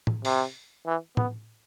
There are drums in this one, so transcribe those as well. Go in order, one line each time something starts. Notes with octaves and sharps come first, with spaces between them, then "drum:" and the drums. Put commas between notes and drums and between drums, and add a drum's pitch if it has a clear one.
drum: tom A2
C3, drum: open hi-hat
E3
B3, drum: tom A2